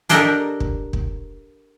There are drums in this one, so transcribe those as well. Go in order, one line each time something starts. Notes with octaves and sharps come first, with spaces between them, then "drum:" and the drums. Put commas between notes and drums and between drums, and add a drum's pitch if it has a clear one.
D4 G4 A4 A#4 D#5, drum: hi-hat
drum: kick
drum: kick